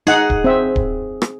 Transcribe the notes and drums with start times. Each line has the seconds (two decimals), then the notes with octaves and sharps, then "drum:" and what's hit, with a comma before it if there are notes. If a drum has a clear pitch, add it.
0.07 D#4 G#4 F#5
0.30 drum: kick D1
0.44 C4 E5
0.76 drum: kick D1
1.22 drum: rim click